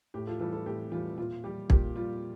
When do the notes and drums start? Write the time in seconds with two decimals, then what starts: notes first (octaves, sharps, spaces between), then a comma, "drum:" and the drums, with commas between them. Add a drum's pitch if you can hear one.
0.14 A2 G4
0.27 F4 A4
0.39 E3 G3 F4 A4
0.52 F4 A4
0.66 A2 G4
0.92 E3 G3 F4
1.17 A#2 F4
1.44 G3 G4
1.70 A#2 G4, drum: kick
1.96 G3 F4